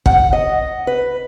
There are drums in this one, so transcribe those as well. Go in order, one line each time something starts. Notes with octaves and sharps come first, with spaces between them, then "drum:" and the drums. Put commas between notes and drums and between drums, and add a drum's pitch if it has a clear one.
F#5, drum: kick
D#5
B4